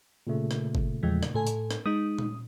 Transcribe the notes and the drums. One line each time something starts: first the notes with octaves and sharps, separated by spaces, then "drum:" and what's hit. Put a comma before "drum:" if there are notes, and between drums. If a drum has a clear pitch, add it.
A#2 C#3 A3
drum: rim click
drum: kick
E2 F3 G#3
drum: rim click
A2 A4 G#5
drum: hi-hat
drum: rim click
G#3 D#4 D#6
drum: tom A#2